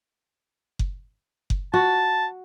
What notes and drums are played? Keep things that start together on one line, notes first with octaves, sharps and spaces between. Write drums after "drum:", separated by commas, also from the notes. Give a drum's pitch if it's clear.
drum: kick F#1
drum: kick F#1
F#4 A5